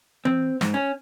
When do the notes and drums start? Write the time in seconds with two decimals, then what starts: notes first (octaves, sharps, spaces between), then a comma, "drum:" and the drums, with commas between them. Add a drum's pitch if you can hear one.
0.25 C4, drum: tom E3
0.61 G#2, drum: snare
0.74 C#4